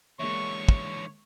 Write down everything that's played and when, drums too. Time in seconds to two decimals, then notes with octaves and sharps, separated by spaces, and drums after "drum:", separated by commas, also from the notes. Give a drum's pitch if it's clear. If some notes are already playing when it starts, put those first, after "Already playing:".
0.19 E2 D3 G#3 A#3 C#5 E5 C#6
0.69 drum: kick